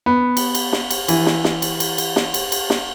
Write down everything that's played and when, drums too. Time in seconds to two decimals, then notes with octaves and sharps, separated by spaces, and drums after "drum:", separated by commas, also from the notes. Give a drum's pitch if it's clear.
0.06 B3
0.37 drum: cymbal
0.55 drum: cymbal
0.73 drum: snare
0.91 drum: cymbal
1.08 E3, drum: cymbal
1.26 drum: snare
1.44 drum: snare
1.62 drum: cymbal
1.80 drum: cymbal
1.98 drum: cymbal
2.16 drum: snare
2.34 drum: cymbal
2.52 drum: cymbal
2.70 drum: snare